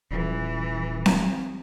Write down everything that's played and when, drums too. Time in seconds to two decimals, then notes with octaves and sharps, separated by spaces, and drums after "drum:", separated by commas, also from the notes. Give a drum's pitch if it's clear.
0.11 D#1 E3
1.06 drum: snare C4